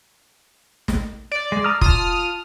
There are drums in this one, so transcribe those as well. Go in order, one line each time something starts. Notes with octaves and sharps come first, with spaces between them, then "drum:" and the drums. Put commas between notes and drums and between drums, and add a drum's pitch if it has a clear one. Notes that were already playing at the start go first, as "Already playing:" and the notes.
drum: snare
D5
G#3
A#5 D#6 F6
F4 A5 D#6 F6, drum: kick F1